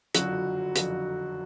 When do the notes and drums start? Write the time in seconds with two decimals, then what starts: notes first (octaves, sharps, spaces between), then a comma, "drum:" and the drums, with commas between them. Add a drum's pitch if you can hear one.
0.15 F#1 F2 D3 F3 F#3 F#4, drum: hi-hat
0.76 F#1 F2 D3 F3, drum: hi-hat